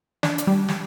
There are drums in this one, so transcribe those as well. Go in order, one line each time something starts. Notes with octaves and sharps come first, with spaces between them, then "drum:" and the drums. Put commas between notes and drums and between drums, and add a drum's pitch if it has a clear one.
D4, drum: snare
drum: hi-hat
G3
drum: snare